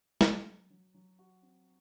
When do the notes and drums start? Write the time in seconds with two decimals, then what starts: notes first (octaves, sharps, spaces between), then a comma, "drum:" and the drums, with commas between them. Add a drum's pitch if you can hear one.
0.21 F#3, drum: snare
0.45 F#3
0.70 F#3
0.94 F#3
1.19 F#4
1.42 C4